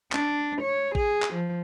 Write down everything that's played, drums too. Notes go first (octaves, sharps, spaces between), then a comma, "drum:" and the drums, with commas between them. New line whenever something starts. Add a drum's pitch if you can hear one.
D4, drum: clap
C#5
G#4, drum: kick A1
drum: clap
F3